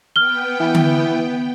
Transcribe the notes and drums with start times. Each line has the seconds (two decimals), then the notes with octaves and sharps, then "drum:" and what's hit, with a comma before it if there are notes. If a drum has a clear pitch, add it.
0.16 B3 G5 F6 G7
0.60 E3
0.75 drum: tom D3